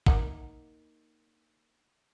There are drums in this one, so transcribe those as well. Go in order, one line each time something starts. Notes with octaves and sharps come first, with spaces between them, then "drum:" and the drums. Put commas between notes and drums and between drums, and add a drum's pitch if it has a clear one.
A#3 D#4 F#5, drum: kick A1